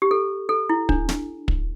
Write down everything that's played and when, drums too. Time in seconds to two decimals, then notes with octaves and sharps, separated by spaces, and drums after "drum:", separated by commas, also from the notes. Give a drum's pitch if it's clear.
0.02 G4
0.11 A4
0.49 A4
0.70 E4
0.89 D4, drum: kick
1.09 drum: snare
1.48 drum: kick